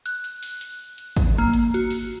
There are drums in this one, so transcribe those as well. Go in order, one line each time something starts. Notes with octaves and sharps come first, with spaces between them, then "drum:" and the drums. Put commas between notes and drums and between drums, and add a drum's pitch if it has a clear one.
F#6, drum: hi-hat
drum: hi-hat
drum: open hi-hat
drum: hi-hat
drum: hi-hat
drum: kick, hi-hat
A#3
drum: hi-hat
F#4, drum: hi-hat
drum: open hi-hat